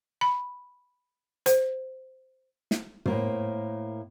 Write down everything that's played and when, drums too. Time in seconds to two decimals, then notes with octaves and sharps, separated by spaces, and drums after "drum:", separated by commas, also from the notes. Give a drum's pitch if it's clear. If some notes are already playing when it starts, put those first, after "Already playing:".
0.21 B5
1.46 C5, drum: hi-hat
2.71 drum: snare
3.06 A2 A#3 C5, drum: tom